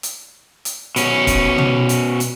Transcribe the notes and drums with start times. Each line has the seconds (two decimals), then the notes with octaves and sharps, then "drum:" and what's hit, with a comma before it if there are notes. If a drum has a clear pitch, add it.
0.03 drum: hi-hat
0.65 drum: hi-hat
0.96 B2 C#4, drum: hi-hat
1.27 drum: kick, hi-hat
1.58 drum: tom
1.89 drum: hi-hat
2.20 drum: hi-hat